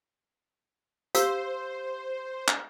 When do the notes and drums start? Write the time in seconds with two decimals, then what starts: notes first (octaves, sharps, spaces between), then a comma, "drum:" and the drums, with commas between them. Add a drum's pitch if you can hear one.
1.15 G4 C5 F5 E6, drum: hi-hat
2.48 drum: clap